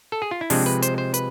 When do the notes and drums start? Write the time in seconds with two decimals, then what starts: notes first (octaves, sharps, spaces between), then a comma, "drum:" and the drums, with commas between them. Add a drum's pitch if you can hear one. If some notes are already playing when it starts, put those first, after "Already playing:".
0.12 A4
0.22 G#4
0.31 F4
0.41 E4
0.50 C3 F3 G#3 C4 D4, drum: open hi-hat
0.66 B4
0.82 C5, drum: hi-hat
0.98 C5
1.14 B4, drum: hi-hat